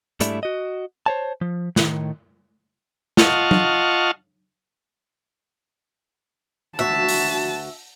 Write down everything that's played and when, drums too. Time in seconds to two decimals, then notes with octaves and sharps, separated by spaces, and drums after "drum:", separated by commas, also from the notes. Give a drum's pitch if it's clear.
0.20 G#2 G3 A3 D4 E4, drum: hi-hat
0.43 F#4 D#5
1.06 C5 C#5 A5
1.41 F3
1.76 A2 D#3, drum: snare
3.17 F4 D#5 F#5 A5 C#6 F6, drum: snare
3.51 drum: tom F#3
6.79 D2 F#4 E5 A5
7.08 drum: open hi-hat